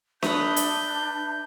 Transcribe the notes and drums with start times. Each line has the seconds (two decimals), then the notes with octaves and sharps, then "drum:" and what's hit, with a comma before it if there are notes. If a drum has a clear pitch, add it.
0.23 D4 B4 E5 D#6 G6, drum: snare D4
0.56 drum: hi-hat